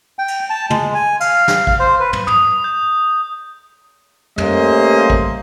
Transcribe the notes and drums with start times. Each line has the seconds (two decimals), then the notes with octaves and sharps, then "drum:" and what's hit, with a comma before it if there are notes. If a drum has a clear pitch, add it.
0.19 G5
0.28 drum: cymbal
0.50 A5
0.70 G#3, drum: tom
0.94 G#5
1.20 F5, drum: cymbal
1.48 drum: snare
1.67 F5, drum: kick
1.80 C5
2.00 B4
2.13 drum: tom
2.27 D#6, drum: tom
2.64 G6
4.38 G3 A3 A#3 C#4 C5 D#5, drum: tom
5.10 drum: kick